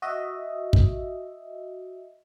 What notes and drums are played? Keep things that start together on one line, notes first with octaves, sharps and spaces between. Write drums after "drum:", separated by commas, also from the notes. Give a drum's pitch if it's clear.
F#4 D#5 E5
drum: kick